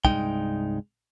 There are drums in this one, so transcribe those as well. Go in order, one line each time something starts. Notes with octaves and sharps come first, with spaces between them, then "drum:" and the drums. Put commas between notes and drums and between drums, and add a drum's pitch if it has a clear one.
C2 G2 A#2 G#3 D#4 G5, drum: kick